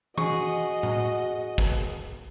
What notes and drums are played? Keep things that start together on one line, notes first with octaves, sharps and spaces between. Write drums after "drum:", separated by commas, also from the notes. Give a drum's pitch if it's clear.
F#4 G#4 D#5 C#6, drum: tom E3
drum: tom A2
drum: kick